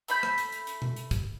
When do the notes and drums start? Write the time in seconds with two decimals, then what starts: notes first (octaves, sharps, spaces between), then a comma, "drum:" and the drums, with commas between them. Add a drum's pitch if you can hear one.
0.08 A3 B5 G6, drum: hi-hat
0.23 drum: rim click
0.38 drum: hi-hat
0.52 drum: hi-hat
0.67 drum: hi-hat
0.82 drum: tom B2
0.96 drum: hi-hat
1.11 drum: kick, hi-hat